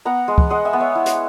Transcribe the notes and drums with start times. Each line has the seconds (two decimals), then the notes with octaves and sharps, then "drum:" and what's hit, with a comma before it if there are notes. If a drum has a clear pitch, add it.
0.05 B3 F#5 A#5
0.28 G#3
0.38 drum: kick
0.50 G#3 D#5 F#5
0.65 E5 G#5
0.73 B3
0.80 C#5 E5
0.95 E4
1.06 drum: hi-hat